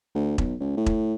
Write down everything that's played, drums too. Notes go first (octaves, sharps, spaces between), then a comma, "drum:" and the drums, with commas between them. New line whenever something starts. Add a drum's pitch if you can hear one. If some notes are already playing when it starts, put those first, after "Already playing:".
D2
B1, drum: kick E1
C#2
A2
drum: kick E1